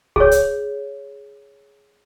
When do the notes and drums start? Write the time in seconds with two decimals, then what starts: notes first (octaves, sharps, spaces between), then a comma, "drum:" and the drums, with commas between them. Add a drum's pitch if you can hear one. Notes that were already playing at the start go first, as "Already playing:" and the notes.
0.16 G#4 C#5, drum: kick C2
0.31 drum: hi-hat